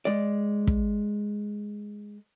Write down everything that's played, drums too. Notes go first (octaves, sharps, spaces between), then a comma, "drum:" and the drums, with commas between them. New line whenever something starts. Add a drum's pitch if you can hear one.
G#3 D5
drum: kick